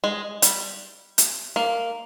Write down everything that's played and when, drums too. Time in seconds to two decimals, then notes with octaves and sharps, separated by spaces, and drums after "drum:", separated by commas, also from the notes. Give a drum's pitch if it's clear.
0.04 G#3
0.42 G3, drum: hi-hat
1.18 drum: hi-hat
1.56 A#3